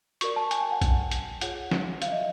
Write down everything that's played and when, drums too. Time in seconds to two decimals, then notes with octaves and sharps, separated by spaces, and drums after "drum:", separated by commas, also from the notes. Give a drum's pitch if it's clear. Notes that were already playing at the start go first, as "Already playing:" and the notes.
0.21 F#4 A#4 D5 C#6, drum: hi-hat
0.36 A5
0.51 G#5, drum: hi-hat
0.61 G5
0.72 F#5
0.81 drum: kick A#1, hi-hat
1.11 drum: hi-hat
1.41 F4 G#4 C#5 F#5, drum: hi-hat
1.71 drum: snare
2.02 F5, drum: hi-hat
2.08 E5
2.12 D#5